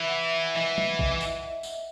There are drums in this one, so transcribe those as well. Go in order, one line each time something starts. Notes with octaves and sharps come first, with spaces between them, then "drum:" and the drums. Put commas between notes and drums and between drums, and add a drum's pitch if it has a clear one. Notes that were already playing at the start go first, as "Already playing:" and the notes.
Already playing: E3 E5
F#5
E5
E5
E3 D#5
drum: tom
drum: kick A1
drum: tambourine
drum: tambourine